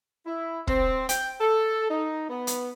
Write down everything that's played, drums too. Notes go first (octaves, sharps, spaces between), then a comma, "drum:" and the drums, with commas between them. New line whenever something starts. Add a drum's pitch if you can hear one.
E4
C4, drum: kick
G5, drum: hi-hat
A4
D#4
B3
drum: hi-hat